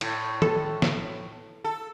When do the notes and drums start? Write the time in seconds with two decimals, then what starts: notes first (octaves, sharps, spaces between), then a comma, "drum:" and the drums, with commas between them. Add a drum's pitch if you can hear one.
0.01 A2, drum: cymbal
0.42 A4, drum: tom
0.82 drum: snare
1.64 A4